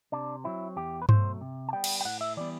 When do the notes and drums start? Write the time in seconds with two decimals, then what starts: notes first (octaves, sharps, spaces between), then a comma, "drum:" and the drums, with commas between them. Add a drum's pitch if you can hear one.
0.12 C3 D4
0.44 F#3 C4 E4
0.77 E2 G4
1.02 B4
1.09 B2 F#3 A3 C5, drum: tom G2
1.41 C3
1.69 A5
1.73 G3 B3 G5
1.84 drum: cymbal
2.01 G5
2.05 A2 F#5
2.21 E5
2.37 E3 G3 B3 D5